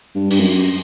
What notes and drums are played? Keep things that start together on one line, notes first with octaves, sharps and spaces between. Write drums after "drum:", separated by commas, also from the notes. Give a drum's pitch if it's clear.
G2
G2, drum: open hi-hat
F#2